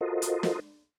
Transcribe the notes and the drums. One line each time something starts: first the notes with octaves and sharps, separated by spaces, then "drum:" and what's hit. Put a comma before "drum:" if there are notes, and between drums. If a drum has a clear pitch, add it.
F4 F#4 A4 A#4 C5 D#5
drum: hi-hat
drum: snare